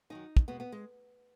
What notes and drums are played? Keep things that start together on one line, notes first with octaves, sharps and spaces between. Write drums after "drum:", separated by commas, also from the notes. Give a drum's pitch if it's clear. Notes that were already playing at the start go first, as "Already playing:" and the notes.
F#2 D#3 F#3 D#4
drum: kick
B2 G#3 B3
B3
G#3